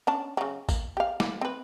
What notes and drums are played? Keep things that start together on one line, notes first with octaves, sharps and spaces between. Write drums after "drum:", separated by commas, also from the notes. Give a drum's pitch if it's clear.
C#4 D4 A5
C#3 F#3
A#3, drum: kick A1, tambourine
G4 F5
A#3, drum: snare
C4 B4